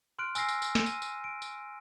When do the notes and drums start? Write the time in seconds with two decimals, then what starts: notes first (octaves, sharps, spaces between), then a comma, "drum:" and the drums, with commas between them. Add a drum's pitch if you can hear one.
0.19 C6 F6 F#6 D7
0.35 G#5 E6 F6 A#6 C7, drum: tambourine
0.49 drum: tambourine
0.62 drum: tambourine
0.75 drum: snare
0.86 D#7, drum: tambourine
1.02 drum: tambourine
1.24 D7
1.42 drum: tambourine